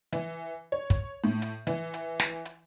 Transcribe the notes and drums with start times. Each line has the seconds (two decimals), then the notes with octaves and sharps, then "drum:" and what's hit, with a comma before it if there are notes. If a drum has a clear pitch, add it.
0.13 E3, drum: hi-hat
0.72 C#5
0.90 drum: kick, hi-hat
1.24 A2
1.42 drum: hi-hat
1.67 E3, drum: hi-hat
1.94 drum: hi-hat
2.20 drum: snare
2.45 drum: hi-hat